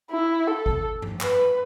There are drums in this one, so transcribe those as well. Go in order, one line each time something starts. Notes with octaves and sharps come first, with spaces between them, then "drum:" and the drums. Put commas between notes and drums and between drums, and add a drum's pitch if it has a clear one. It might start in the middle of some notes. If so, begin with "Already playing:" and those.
E4
A4
drum: kick G#1
drum: tom G2
B4, drum: clap